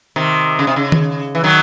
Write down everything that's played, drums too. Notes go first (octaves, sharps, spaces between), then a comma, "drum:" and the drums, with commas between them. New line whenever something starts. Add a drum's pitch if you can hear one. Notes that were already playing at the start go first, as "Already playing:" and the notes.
C3 D#3
C#3
C3
C#3
drum: tom D#3
E3
D#3 F#3